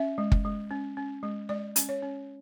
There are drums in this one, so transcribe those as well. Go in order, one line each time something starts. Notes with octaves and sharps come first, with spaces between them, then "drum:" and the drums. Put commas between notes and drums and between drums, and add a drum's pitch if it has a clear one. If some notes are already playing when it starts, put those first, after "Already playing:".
Already playing: C#4 E5
G#3
drum: kick
G#3
C#4
C#4
G#3
G#3 D5
C#4, drum: hi-hat
C#5
C#4